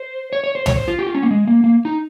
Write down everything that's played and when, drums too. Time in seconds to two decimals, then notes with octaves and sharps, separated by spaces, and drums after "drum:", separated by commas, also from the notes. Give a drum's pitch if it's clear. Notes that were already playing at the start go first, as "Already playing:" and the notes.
Already playing: C5
0.33 C#5
0.44 C#5
0.55 C5
0.66 C#5, drum: tom
0.76 C5
0.88 F4
0.99 G4
1.06 F4
1.15 C#4
1.22 A#3
1.31 G#3
1.47 A#3
1.64 A#3
1.85 D#4